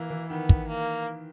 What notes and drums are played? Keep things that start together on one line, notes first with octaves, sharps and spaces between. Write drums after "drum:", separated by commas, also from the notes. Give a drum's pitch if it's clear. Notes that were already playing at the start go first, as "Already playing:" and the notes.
Already playing: E3 A#3
E3
D#3 B3
drum: kick
A#3